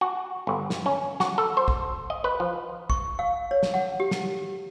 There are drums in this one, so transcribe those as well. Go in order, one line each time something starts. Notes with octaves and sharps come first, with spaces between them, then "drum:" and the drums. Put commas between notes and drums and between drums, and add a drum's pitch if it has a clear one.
F#4
G1
drum: snare
C#4
F#4, drum: snare
A4
C5
drum: kick
D#5
B4
F3
C#6, drum: kick
F5
C#5
drum: snare
F#5
G4
drum: snare